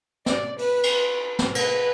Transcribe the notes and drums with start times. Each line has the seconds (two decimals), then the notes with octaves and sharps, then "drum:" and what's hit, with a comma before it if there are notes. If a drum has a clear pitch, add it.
0.26 D5, drum: snare
0.59 B4, drum: open hi-hat
0.83 drum: cymbal
1.39 drum: snare
1.55 B4, drum: cymbal